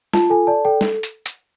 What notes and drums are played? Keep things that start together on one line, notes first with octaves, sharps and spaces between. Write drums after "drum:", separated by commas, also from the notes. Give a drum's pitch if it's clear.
F4 A5, drum: snare
A4 G#5
D5 A5
A4 G5
drum: snare
drum: hi-hat
drum: hi-hat